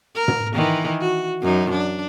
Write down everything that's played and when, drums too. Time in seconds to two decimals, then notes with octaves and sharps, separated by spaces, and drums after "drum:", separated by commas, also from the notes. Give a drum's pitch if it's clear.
0.15 A#4
0.28 drum: tom
0.53 D#3 E3
1.01 F#4
1.42 F#2 D#4
1.71 D4